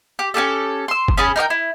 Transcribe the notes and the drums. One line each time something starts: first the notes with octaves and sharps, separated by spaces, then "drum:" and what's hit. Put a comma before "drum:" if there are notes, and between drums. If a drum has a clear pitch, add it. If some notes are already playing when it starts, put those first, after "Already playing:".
G4
C#4 F4 G4 A4
C6 E6
drum: kick
C#4 G#4 A5 B5
D#4 A#4 D5 G5
E4